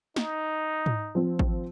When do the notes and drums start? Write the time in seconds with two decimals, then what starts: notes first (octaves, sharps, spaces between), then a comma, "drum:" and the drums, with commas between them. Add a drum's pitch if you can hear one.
0.16 D#4, drum: snare
0.86 drum: tom G#2
1.15 F3 C4
1.39 drum: kick